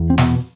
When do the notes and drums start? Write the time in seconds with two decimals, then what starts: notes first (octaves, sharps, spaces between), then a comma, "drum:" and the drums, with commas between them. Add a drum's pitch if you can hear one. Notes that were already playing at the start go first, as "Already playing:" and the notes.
Already playing: E2
0.10 C4
0.18 B2 B3, drum: snare